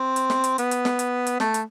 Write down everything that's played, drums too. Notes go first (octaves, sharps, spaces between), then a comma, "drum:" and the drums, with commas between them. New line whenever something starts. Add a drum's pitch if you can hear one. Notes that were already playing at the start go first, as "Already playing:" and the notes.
Already playing: C4
drum: hi-hat
drum: snare
drum: hi-hat
B3, drum: hi-hat
drum: hi-hat
drum: snare
drum: hi-hat
drum: hi-hat
A3, drum: snare
drum: hi-hat